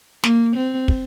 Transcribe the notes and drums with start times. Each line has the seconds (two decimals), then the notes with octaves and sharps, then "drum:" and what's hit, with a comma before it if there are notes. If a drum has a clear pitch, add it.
0.24 A#3, drum: snare
0.56 C4
0.88 drum: kick